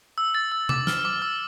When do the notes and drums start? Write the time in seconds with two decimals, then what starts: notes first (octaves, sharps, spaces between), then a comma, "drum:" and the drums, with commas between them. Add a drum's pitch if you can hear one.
0.18 E6
0.35 A6
0.52 E6
0.69 D6, drum: tom C3
0.87 F6, drum: snare
1.05 D6
1.22 E6